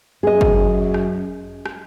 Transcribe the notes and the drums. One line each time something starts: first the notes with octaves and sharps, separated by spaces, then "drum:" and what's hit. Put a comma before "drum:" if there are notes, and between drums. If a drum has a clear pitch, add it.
F#2 G#4 D#5
drum: kick G1
drum: rim click
drum: rim click